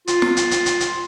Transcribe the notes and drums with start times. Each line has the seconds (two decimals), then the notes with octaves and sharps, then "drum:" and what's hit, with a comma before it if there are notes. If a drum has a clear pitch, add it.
0.07 F4, drum: hi-hat
0.22 drum: snare
0.37 drum: hi-hat
0.51 drum: hi-hat
0.66 drum: hi-hat
0.80 drum: hi-hat